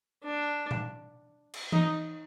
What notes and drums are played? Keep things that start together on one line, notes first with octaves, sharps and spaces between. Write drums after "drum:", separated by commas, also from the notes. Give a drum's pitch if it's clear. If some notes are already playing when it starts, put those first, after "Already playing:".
D4
drum: tom A#2
drum: cymbal
D#4, drum: tom E3